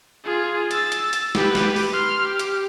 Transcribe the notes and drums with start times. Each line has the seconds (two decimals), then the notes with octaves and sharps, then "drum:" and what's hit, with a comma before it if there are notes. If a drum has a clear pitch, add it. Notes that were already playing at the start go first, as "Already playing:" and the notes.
0.25 F4 G#4
0.71 E6 A6, drum: hi-hat
0.92 drum: hi-hat
1.13 drum: hi-hat
1.35 G4 B4, drum: snare
1.55 drum: snare
1.76 drum: open hi-hat
1.93 C6 F6
2.22 G4
2.39 drum: hi-hat